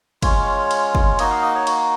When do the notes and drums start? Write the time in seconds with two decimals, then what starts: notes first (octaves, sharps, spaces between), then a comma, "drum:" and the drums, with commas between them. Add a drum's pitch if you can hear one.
0.22 G#3 C#4 F4 C#5, drum: kick, cymbal
0.71 drum: cymbal
0.95 drum: kick
1.19 A#3 D#4 F#4 D#5, drum: cymbal
1.30 F5
1.42 D#5
1.55 C#5
1.67 F#4, drum: cymbal